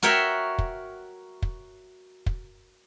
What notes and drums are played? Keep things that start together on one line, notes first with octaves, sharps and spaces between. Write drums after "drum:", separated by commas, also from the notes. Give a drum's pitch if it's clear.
F#4 A#4 C#5 E5 G5
drum: kick
drum: kick
drum: kick